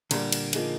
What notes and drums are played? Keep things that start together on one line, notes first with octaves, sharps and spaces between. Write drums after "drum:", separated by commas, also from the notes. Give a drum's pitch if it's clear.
A#2 D3 G3 A#3 D4, drum: cymbal
drum: cymbal
F3 A#3 D#4 G#4, drum: cymbal